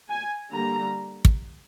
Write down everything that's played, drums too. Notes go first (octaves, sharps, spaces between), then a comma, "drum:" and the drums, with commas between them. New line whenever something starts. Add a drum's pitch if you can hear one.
G#5
D3 G3 A#3 A#5
drum: kick